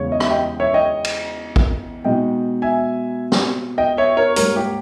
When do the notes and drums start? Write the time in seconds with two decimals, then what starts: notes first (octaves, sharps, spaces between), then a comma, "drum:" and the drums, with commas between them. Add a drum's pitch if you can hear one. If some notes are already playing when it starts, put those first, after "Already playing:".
Already playing: E2 C#3 G#3 C#5
0.12 D#5
0.20 E5, drum: rim click
0.31 D#5 G5
0.60 C#5 E5
0.74 D#5 G5
1.04 drum: cymbal
1.56 drum: kick A1
2.04 B2 G#3 D#4 D#5 G5
2.62 E5 G#5
3.32 drum: snare
3.78 D#5 G5
3.97 C#5 E5
4.17 A#4 C#5
4.36 G#2 G3 A#3 A#4 C#5, drum: hi-hat
4.56 G4